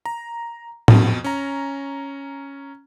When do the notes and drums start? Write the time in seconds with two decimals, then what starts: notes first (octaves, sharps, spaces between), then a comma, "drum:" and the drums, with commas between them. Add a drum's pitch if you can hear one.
0.06 A#5
0.88 F2 B2, drum: tom A2
1.24 C#4 A#5